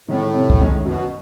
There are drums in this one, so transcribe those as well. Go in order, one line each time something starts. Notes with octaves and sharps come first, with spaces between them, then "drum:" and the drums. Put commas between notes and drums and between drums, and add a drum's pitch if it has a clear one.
A2 D#3 G#3 C#4
C3
drum: kick
D#3 G#3 C#4
F#2 B2